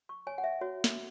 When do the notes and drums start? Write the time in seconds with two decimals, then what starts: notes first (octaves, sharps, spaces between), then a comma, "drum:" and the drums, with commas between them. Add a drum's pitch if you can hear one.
0.09 C#6
0.27 C#5 G#5
0.38 F#5
0.44 E5
0.61 F#4 C#5
0.84 drum: snare